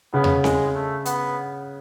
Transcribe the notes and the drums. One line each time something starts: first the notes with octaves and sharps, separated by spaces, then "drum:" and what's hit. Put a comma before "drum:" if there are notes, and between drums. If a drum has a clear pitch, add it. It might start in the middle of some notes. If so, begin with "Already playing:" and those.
C#3 B3
drum: tom E2
G#3, drum: snare C4
A3
B3, drum: hi-hat